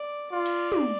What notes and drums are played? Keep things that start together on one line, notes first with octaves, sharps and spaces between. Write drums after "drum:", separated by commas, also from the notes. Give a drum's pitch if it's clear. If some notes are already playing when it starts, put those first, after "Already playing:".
Already playing: D5
F4 D5
drum: cymbal
drum: tom